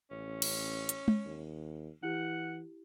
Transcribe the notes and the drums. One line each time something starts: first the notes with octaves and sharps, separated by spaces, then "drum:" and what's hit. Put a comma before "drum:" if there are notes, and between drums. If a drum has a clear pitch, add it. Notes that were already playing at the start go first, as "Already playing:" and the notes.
A1 C#4
drum: cymbal
drum: hi-hat
drum: tom G#3
D#2
E3 E4 G4 F#5